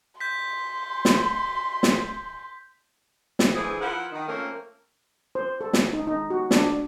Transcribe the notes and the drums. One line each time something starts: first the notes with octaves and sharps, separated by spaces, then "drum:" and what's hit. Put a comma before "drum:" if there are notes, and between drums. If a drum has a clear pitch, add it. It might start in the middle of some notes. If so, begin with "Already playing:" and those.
C6 G6 B6
drum: snare
drum: snare
drum: snare
D3 E3 F3 G#4
F3 E4 A#4 B4 F#5
D#3 D#4
F3 A3 A#3 C4 C#4 A#4
C5
A4
drum: snare
D#4
D#4
F#4
D4, drum: snare